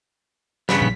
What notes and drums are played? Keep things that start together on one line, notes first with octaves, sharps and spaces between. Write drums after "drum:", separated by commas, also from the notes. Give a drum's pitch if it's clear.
G2 C#3 B3 B5, drum: snare
A#1 B6